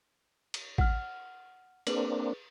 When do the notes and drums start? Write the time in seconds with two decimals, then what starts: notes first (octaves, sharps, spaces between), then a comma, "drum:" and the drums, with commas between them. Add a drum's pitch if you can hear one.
0.54 drum: cymbal
0.78 F#5 F6, drum: kick
1.87 A#3 C4 D4 G#4 B4 F#7, drum: cymbal